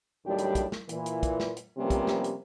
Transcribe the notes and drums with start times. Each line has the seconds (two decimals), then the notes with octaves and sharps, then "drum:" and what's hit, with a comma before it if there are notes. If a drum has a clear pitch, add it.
0.25 D#2 A2 F#3 G3 D4 G4
0.38 drum: hi-hat
0.55 drum: kick, hi-hat
0.72 drum: snare
0.89 A#2 E3, drum: hi-hat
1.06 drum: hi-hat
1.23 drum: kick, hi-hat
1.40 drum: snare
1.57 drum: hi-hat
1.78 C3 F3 G3 A#3 B3 C#4
1.90 drum: kick, hi-hat
2.07 drum: snare
2.24 drum: hi-hat